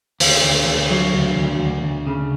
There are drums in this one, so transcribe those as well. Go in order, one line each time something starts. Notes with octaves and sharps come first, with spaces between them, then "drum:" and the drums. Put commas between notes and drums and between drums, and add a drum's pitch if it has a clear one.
D2, drum: open hi-hat
D2
D2
F#3
D2
D2
D2
D2
C#3